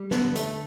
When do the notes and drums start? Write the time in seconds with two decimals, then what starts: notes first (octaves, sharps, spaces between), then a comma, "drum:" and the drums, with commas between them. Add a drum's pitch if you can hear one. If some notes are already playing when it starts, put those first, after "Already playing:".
Already playing: G3
0.11 D3 B3, drum: snare
0.36 A3, drum: hi-hat